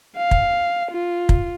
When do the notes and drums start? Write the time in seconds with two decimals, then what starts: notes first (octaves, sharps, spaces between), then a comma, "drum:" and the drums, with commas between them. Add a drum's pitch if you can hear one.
0.17 F5
0.31 drum: kick
0.91 F4
1.29 drum: kick